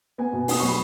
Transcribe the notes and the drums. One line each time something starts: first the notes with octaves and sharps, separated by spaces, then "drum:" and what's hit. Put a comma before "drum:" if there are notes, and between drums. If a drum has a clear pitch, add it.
B3 G#5
B2
D#4 D#6, drum: open hi-hat
F#3 C#6
B5